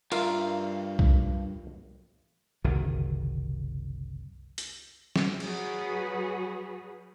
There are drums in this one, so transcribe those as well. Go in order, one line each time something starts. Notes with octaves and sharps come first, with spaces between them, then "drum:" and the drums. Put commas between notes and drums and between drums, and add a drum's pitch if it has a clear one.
G2 F4 A#4 E5 F5, drum: cymbal
drum: kick B1
F#1 C2 D3 D#3
drum: hi-hat
drum: snare
F#3 F#4 G#4 B4, drum: cymbal